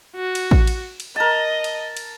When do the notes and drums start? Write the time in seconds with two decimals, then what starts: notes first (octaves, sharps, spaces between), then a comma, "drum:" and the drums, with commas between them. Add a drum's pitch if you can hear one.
0.16 F#4
0.35 drum: cymbal
0.51 drum: kick A1
0.67 drum: cymbal
1.00 drum: cymbal
1.16 A#4 D#5 A5
1.64 drum: cymbal
1.97 drum: cymbal